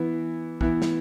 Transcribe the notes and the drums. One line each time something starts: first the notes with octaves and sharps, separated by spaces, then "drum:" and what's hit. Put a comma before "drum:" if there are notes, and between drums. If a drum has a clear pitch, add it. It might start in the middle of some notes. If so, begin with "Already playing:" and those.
Already playing: E3 B3 E4
E3 B3 E4, drum: kick
drum: snare